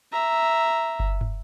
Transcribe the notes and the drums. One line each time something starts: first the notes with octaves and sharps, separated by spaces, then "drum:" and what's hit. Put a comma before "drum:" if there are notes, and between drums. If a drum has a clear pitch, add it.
E5 A#5
drum: kick F#1
drum: tom